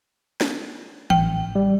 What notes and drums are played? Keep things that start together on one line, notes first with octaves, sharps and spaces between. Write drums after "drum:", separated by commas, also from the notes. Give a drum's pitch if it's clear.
drum: snare
A1 G5, drum: tom E3
G3